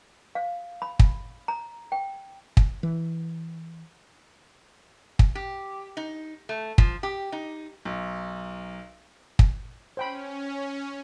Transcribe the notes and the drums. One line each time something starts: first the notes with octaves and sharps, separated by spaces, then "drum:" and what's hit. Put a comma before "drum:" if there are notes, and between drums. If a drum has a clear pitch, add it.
F5
B5
drum: kick
A#5
G5
drum: kick
E3
drum: kick
G4
D#4
A3
F3, drum: kick
G4
D#4
B1
drum: kick
C#4 C5 G5 B5